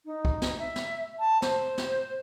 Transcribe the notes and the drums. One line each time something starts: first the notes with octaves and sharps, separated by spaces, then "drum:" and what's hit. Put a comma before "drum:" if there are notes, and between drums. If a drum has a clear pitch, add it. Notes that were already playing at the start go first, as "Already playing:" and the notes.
D#4
drum: kick
drum: snare
E5
drum: snare
A5
C5, drum: snare
drum: snare